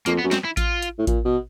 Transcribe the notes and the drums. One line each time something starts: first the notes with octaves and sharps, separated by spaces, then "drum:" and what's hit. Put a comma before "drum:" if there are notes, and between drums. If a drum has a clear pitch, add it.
F2 A#3, drum: hi-hat
B3
F#2
C4, drum: snare
E4
F4, drum: kick A1, hi-hat
drum: hi-hat
A2
A#2, drum: kick A1, hi-hat
B2